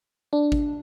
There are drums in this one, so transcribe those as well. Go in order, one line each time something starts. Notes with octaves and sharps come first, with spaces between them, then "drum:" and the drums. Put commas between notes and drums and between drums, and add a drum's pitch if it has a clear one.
D4
drum: kick G#1